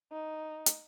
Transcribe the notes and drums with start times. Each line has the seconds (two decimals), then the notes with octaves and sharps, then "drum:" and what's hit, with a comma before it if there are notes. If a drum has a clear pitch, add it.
0.12 D#4
0.66 drum: hi-hat